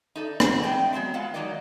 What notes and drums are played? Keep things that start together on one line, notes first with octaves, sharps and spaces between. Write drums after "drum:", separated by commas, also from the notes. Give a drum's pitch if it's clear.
D#4 A4 D5
G#4 F#5, drum: rim click
E3 C4 G#4 D5 D#5 G5
F#3 G#3 B3 C4
G#3 F4 F5 F#5
E3 F#3 A#3 D#4 D5 D#5